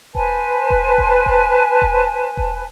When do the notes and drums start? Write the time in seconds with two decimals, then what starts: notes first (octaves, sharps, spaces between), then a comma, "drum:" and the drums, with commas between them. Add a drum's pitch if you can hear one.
0.15 B4 C5 G#5 A5, drum: kick E1
0.70 drum: kick E1
0.98 drum: kick E1
1.26 drum: kick E1
1.82 drum: kick E1
2.37 drum: kick E1